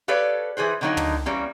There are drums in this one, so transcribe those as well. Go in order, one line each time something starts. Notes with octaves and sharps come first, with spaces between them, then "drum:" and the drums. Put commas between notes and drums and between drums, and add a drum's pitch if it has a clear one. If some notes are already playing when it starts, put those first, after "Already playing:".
G4 A4 B4 C#5 D5 F5
E3 G#4 B4 C5
D3 D#3 F#3 A#3 D#4
drum: tom
E3 G3 A#3 C#4